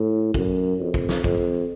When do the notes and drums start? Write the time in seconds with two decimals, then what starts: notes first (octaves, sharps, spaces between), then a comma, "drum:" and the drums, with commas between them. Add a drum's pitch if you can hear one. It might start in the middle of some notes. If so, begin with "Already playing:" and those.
Already playing: A2
0.34 F#2, drum: kick
0.80 F2
0.94 drum: kick
1.09 drum: snare
1.24 F2, drum: kick